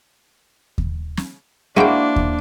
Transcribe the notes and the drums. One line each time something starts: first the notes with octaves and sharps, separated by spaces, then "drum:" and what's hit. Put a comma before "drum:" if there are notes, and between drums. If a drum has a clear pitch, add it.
drum: kick D#2
drum: snare
G#3 A#3 D4 E4 F#4 C5 G5
drum: kick D#2